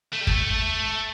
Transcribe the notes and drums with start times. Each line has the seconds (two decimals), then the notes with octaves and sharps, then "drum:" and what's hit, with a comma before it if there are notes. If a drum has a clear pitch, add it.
0.13 A3
0.20 G3
0.27 A3, drum: kick